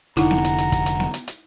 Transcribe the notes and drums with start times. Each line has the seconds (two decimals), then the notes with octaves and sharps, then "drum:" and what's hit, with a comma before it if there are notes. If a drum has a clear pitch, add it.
0.17 F1 A#1 D3 D#4 E4 F#5 A#5, drum: hi-hat
0.31 drum: snare B3
0.45 drum: hi-hat
0.58 drum: hi-hat
0.72 drum: kick, hi-hat
0.86 drum: hi-hat
1.00 drum: snare B3
1.14 drum: hi-hat
1.28 drum: hi-hat